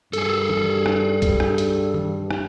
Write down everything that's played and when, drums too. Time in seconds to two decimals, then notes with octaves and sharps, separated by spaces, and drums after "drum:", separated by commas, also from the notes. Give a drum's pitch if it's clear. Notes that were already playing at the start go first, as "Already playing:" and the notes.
0.13 G2 G#4 A4, drum: hi-hat
0.50 drum: tom
0.86 drum: rim click
1.22 drum: kick, hi-hat
1.40 drum: rim click
1.58 drum: hi-hat
1.94 drum: tom D#3
2.31 drum: rim click